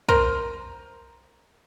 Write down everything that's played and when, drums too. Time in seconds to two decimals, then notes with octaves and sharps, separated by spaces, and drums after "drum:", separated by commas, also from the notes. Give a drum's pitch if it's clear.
0.09 A#4 C5, drum: kick